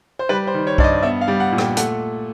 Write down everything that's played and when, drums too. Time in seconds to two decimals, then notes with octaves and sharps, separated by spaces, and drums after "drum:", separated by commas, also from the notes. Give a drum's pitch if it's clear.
0.19 C5
0.29 G3 B4
0.47 C5
0.54 D#3
0.67 C#5
0.78 G2 D5, drum: kick B1
0.84 D#5
1.03 B3 E5
1.21 F5
1.28 G3
1.40 F#5
1.52 A#2
1.58 G5, drum: rim click
1.77 A3 F#5, drum: hi-hat